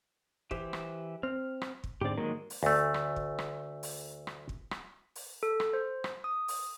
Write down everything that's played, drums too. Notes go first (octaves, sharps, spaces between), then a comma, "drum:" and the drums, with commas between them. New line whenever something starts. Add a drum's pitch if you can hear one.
E3 G4 C5, drum: kick
drum: rim click
C4 F6
drum: rim click
drum: kick
G#2 D3 C4 G4 D5
D#3 F#3 G#3 A#3
drum: open hi-hat
D2 A3
drum: rim click
drum: kick
drum: rim click
drum: open hi-hat
drum: rim click
drum: kick
drum: rim click
drum: open hi-hat
A4
drum: rim click
C5
drum: rim click
D#6
drum: open hi-hat